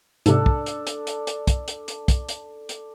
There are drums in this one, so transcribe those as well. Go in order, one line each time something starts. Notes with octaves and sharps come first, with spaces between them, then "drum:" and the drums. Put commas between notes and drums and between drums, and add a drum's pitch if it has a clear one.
G#2 C3 D4 A4, drum: hi-hat
drum: kick
drum: hi-hat
drum: hi-hat
drum: hi-hat
drum: hi-hat
drum: kick, hi-hat
drum: hi-hat
drum: hi-hat
drum: kick, hi-hat
drum: hi-hat
drum: hi-hat